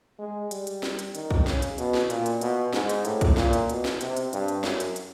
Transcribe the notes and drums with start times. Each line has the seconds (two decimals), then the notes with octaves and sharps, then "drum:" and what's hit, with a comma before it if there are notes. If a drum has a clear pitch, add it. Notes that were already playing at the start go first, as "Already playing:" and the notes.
0.19 G#3
0.51 G3, drum: hi-hat
0.67 drum: hi-hat
0.83 drum: snare
0.99 drum: hi-hat
1.15 D#3, drum: hi-hat
1.31 drum: kick
1.47 C#3, drum: snare
1.62 drum: hi-hat
1.78 B2, drum: hi-hat
1.94 drum: snare
2.10 A#2, drum: hi-hat
2.26 drum: hi-hat
2.41 B2, drum: hi-hat
2.73 G#2, drum: snare
2.89 drum: hi-hat
3.05 A2, drum: hi-hat
3.21 drum: kick, hi-hat
3.37 A#2, drum: snare
3.53 drum: hi-hat
3.69 B2, drum: hi-hat
3.85 drum: snare
4.01 C3, drum: hi-hat
4.17 drum: hi-hat
4.33 G2, drum: hi-hat
4.48 drum: hi-hat
4.64 F#2, drum: snare
4.80 drum: hi-hat
4.96 drum: hi-hat